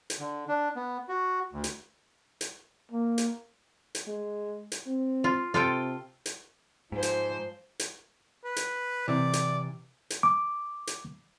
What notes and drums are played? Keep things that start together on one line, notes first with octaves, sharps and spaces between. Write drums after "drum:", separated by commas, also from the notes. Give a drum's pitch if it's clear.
drum: hi-hat
D3
D4
B3
F#4
D2
drum: hi-hat
drum: hi-hat
A#3
drum: hi-hat
drum: hi-hat
G#3
drum: hi-hat
C4
F4
C3 F4 A4 G5
drum: hi-hat
G#2 F3 C5
drum: hi-hat
drum: hi-hat
B4
drum: hi-hat
C3 E3 D5
drum: hi-hat
drum: hi-hat
D6
drum: hi-hat